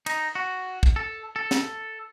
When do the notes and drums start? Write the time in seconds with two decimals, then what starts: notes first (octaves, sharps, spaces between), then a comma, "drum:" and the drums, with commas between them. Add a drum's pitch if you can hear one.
0.06 D#4, drum: cymbal
0.35 F#4
0.83 drum: kick
0.96 A4
1.36 A4
1.51 drum: snare